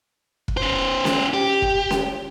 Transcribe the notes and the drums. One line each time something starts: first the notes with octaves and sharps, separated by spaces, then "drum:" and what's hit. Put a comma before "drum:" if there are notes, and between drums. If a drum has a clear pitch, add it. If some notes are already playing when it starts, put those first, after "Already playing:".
drum: kick F1
C#4 C5
drum: snare C#4
G4
drum: kick F1
drum: snare C#4